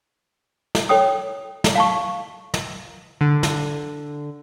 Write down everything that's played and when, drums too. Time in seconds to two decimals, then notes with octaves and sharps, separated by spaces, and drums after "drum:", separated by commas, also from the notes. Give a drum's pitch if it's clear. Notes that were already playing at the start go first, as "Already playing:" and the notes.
0.75 drum: snare
0.89 A4 C#5 G5 D#6
1.64 drum: snare
1.75 F5 A5 C#6
2.54 drum: snare
3.21 D3
3.43 drum: snare